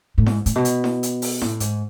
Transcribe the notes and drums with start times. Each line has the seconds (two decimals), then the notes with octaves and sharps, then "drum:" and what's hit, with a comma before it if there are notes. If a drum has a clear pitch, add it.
0.18 A2
0.26 G#2, drum: snare E4
0.46 A2, drum: hi-hat
0.55 B2
0.65 drum: hi-hat
0.84 drum: snare E4
1.03 drum: hi-hat
1.22 drum: open hi-hat
1.42 A2, drum: snare E4
1.60 G#2, drum: hi-hat